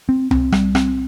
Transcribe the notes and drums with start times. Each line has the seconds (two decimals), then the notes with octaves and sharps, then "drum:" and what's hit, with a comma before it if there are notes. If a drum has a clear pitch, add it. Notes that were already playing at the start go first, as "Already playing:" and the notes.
0.09 C4
0.31 C4, drum: tom C2
0.52 G3, drum: rim click
0.75 C4, drum: rim click